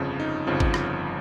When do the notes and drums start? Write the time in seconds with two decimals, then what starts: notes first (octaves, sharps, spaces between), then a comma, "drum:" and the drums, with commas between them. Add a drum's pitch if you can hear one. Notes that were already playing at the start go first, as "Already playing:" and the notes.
Already playing: G1 F2 C#3 F3
0.20 D#4
0.47 G1 F2 C#3 F3
0.60 drum: kick
0.74 drum: rim click